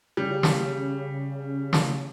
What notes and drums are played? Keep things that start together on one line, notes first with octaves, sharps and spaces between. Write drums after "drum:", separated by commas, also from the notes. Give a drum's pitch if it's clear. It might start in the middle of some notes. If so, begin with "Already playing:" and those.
C#3 G3
drum: snare
drum: snare